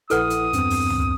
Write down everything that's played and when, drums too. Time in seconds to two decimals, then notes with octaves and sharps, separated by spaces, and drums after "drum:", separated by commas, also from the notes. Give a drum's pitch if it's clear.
0.10 A#1 E4 A4 B4 F#5 D#6, drum: hi-hat
0.30 drum: hi-hat
0.53 E2 G2 C4, drum: hi-hat
0.70 drum: open hi-hat
0.90 drum: tom C#2